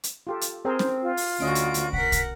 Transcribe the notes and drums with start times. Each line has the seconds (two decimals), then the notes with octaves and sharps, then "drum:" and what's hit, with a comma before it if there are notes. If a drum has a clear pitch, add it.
0.04 drum: hi-hat
0.27 F4 G4 A4
0.41 drum: hi-hat
0.65 C4 G#4 A#4 C5
0.79 drum: snare C#4
1.02 F4
1.17 drum: open hi-hat
1.40 D2 C#4 F#4 D#5 D7
1.55 drum: hi-hat
1.74 drum: hi-hat
1.93 A#4 F#5 B6, drum: kick
2.12 drum: kick, hi-hat